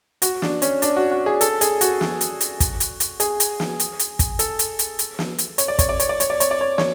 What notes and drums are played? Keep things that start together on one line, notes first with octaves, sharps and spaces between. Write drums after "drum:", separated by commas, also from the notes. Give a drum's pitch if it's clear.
F#4, drum: hi-hat
D4, drum: snare
C#4, drum: hi-hat
D4, drum: hi-hat
F#4
F#4
G#4
A4, drum: hi-hat
G#4, drum: hi-hat
F#4, drum: hi-hat
drum: snare
drum: hi-hat
drum: hi-hat
drum: kick, hi-hat
drum: hi-hat
drum: hi-hat
G#4, drum: hi-hat
drum: hi-hat
drum: snare
drum: hi-hat
drum: hi-hat
drum: kick, hi-hat
A4, drum: hi-hat
drum: hi-hat
drum: hi-hat
drum: hi-hat
drum: snare
drum: hi-hat
C#5, drum: hi-hat
D5
C#5, drum: kick, hi-hat
D5
C#5, drum: hi-hat
D5
C#5, drum: hi-hat
D5
C#5, drum: hi-hat
D5
C#5
C#5, drum: snare